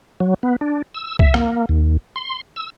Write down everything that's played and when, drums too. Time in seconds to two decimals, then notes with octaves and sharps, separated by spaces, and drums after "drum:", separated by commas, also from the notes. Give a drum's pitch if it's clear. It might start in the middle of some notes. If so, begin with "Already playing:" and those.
0.20 F#3
0.43 B3
0.61 D4
0.94 E6
1.19 E5, drum: kick C2
1.34 A#3, drum: rim click
1.69 D#2
2.16 C6
2.56 E6